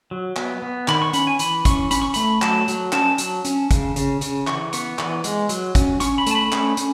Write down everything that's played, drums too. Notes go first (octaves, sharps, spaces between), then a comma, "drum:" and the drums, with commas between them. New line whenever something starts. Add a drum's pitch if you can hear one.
F#3
B3, drum: clap
B3
D#3 B5, drum: clap
C#6
C#4 B5, drum: hi-hat
G#5
E3 B5, drum: hi-hat
C#4 C#6, drum: kick, hi-hat
C#4 B5, drum: hi-hat
C#6
A3 B5, drum: hi-hat
F#3 A5, drum: clap
F#3, drum: hi-hat
C#4 A5, drum: clap
F#3, drum: hi-hat
C#4, drum: hi-hat
C#3, drum: kick, hi-hat
C#3, drum: hi-hat
C#3, drum: hi-hat
E3 C#6, drum: clap
B3 C#6, drum: hi-hat
E3, drum: clap
G#3, drum: hi-hat
F#3, drum: hi-hat
C#4, drum: kick, hi-hat
C#4 C#6, drum: hi-hat
B5
A3 A5, drum: hi-hat
B5
C#4, drum: clap
C#4, drum: hi-hat